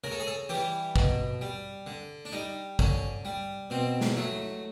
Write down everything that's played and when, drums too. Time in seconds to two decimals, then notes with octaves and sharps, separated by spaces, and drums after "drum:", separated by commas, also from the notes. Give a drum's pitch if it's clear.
0.04 C#3 A#4
0.12 A4
0.20 G#4
0.27 A4
0.49 E3 G3 G4
0.96 B2, drum: kick
1.41 G3
1.87 D3
2.25 D4
2.32 G3 D#4
2.79 D3 C#4, drum: kick
3.25 G3
3.70 B2 C4
4.01 drum: snare
4.16 F#3 A3